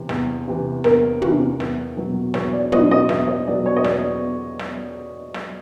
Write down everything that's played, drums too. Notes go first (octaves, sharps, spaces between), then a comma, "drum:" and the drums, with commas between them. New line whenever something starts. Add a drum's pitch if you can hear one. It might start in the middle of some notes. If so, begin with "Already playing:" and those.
Already playing: C3 E3
E2, drum: snare
C3 E3
E2 A#4, drum: snare
C3 E3, drum: tom
E2, drum: snare
B2 F#3
E2 C#5, drum: snare
D5
B2 F#3 D#5, drum: tom
D#5
E2 E5, drum: snare
D#5
B2 F#3 D5
C#5
D#5
E2 D5, drum: snare
drum: snare
drum: snare